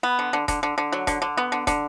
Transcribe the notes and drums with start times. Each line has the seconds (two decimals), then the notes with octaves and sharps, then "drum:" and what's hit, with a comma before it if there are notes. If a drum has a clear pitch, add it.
0.03 B3
0.19 D3
0.33 D3
0.48 D3, drum: kick, hi-hat
0.63 D3
0.78 D3
0.92 F#3
1.07 D3, drum: kick, hi-hat
1.22 D3
1.37 B3
1.52 D3
1.67 D3, drum: kick, hi-hat